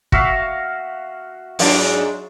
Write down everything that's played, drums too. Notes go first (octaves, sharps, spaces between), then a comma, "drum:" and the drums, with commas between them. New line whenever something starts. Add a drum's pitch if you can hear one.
F#4 E5 F5, drum: kick
G#2 F#3 D4, drum: open hi-hat